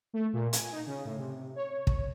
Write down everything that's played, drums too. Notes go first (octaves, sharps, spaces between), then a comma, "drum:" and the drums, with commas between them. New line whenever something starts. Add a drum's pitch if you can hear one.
A3
A#2
G#5, drum: hi-hat
D#4
C#3
A2
C3
C#5
drum: kick